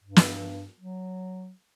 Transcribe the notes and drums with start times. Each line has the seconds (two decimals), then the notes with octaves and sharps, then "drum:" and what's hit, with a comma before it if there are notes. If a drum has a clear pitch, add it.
0.04 G2
0.16 drum: snare
0.80 F#3